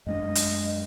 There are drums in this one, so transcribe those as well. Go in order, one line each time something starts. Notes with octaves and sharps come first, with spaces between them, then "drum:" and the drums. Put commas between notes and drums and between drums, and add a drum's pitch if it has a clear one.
F#2 G#3 D4 D#5
drum: hi-hat